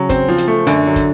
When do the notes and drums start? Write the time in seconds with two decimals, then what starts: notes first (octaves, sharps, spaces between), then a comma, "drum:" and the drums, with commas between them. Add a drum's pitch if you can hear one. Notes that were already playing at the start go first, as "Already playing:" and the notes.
Already playing: C#3 F#3
0.09 C4, drum: kick, hi-hat
0.29 F3
0.38 drum: hi-hat
0.48 A3
0.67 F#2 D3, drum: hi-hat
0.86 F#3
0.96 drum: kick, hi-hat